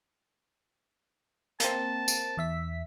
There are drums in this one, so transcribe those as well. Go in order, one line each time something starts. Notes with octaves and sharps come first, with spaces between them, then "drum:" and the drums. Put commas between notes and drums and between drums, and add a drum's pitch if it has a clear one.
A#3 C4 A5, drum: hi-hat
drum: tambourine
E2 E5 B6